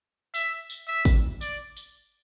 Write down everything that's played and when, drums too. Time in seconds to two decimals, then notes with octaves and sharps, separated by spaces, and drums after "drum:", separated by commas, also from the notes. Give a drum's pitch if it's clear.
0.34 E5, drum: tambourine
0.70 drum: tambourine
0.87 E5
1.05 drum: kick, tambourine
1.41 D5, drum: tambourine
1.77 drum: tambourine